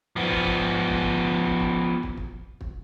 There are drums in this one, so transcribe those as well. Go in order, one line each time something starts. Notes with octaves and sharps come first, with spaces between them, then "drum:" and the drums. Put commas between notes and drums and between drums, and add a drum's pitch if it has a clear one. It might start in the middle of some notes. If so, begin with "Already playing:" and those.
F3 B3
drum: kick
drum: kick
drum: kick
drum: kick
drum: kick
drum: kick
drum: kick
drum: kick
drum: kick